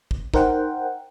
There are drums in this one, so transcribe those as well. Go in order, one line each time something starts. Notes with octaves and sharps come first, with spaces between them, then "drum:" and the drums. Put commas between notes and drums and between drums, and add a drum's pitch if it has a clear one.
drum: kick
D#4 A#4 C5 F#5 G5, drum: kick